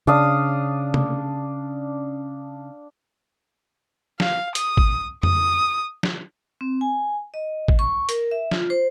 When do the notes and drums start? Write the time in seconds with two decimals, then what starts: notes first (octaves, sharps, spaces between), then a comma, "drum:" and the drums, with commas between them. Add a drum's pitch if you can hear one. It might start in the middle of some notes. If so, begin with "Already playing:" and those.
0.07 C#3 D4 F5 D#6
0.94 drum: tom
4.20 F5, drum: snare
4.55 D#6, drum: hi-hat
4.77 drum: kick
5.23 D#6, drum: tom F2
6.03 drum: snare
6.61 C4
6.81 G#5
7.34 D#5
7.68 drum: kick
7.79 C#6
8.09 A#4, drum: hi-hat
8.31 E5
8.51 F4, drum: snare
8.70 C5